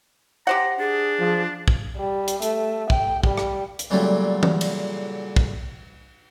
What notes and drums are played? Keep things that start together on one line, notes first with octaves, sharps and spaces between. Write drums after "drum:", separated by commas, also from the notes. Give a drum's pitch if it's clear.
G4 C5 F#5 A#5
D4 G#4
F3
drum: kick
G3
drum: hi-hat
A3, drum: hi-hat
G5, drum: kick
G3, drum: kick
drum: rim click
drum: hi-hat
A#2 C#3 F#3 G3 A3
drum: tom E3
drum: cymbal
drum: kick